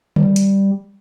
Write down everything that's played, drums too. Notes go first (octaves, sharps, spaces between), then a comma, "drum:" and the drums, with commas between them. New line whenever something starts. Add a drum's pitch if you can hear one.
G3, drum: tom D3
drum: hi-hat